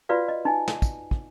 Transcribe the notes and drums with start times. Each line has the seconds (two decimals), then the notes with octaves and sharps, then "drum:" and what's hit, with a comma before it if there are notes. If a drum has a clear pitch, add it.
0.09 F4 F#4 B4 D5 F5
0.28 D#5
0.45 D#4 G#5
0.68 drum: snare
0.82 drum: kick, tambourine
1.11 drum: kick